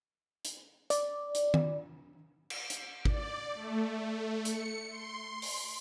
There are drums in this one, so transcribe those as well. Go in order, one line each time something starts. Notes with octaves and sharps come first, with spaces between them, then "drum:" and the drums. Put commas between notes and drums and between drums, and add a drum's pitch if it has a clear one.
drum: hi-hat
D5, drum: hi-hat
drum: hi-hat
drum: tom D#3
drum: cymbal
drum: hi-hat
D5, drum: kick G#1
A3
C#7, drum: hi-hat
C6
drum: open hi-hat